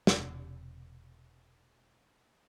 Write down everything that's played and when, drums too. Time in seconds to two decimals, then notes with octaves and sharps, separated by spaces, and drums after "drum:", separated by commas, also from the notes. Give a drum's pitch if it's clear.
0.07 E1 C3, drum: snare